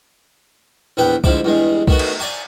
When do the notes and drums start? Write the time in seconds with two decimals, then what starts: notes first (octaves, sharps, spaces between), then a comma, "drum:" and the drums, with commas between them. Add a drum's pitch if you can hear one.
0.97 A#1 E2 B3 B4 G5
1.24 D2 G#2 F3 E4 D6, drum: kick C2
1.44 E2 G2 G#3
1.88 D#3 A3 B3 F#4, drum: kick C2
1.99 drum: cymbal
2.20 D5 G#5 C#6